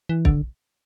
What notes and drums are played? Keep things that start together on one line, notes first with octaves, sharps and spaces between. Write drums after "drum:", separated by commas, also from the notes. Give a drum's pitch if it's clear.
E3
D3, drum: kick